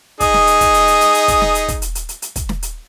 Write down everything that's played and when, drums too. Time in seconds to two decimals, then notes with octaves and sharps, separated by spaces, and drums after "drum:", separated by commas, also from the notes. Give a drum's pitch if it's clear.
0.20 D#4 G#4, drum: kick, hi-hat
0.34 drum: snare
0.47 drum: hi-hat
0.61 drum: kick, hi-hat
0.74 drum: hi-hat
0.88 drum: hi-hat
1.01 drum: hi-hat
1.15 drum: hi-hat
1.28 drum: kick, hi-hat
1.41 drum: snare
1.55 drum: hi-hat
1.68 drum: kick, hi-hat
1.82 drum: hi-hat
1.95 drum: hi-hat
2.09 drum: hi-hat
2.22 drum: hi-hat
2.36 drum: kick, hi-hat
2.49 drum: snare
2.62 drum: hi-hat